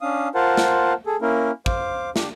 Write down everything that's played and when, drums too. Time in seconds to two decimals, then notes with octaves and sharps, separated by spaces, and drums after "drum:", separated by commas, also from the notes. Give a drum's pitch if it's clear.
0.01 C#4 D4 F5 D#6
0.35 F4 A#4 C5 F#5 A5
0.57 drum: snare
1.06 G#4 A4
1.22 A#3 C#4 E4 A#4
1.66 C5 F5 D6, drum: kick
2.16 D4 G4, drum: snare